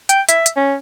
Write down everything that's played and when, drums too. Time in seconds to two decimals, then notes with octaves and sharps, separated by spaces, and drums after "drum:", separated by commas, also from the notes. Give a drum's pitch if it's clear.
0.09 G5, drum: hi-hat
0.29 E5, drum: hi-hat
0.46 drum: hi-hat
0.56 C#4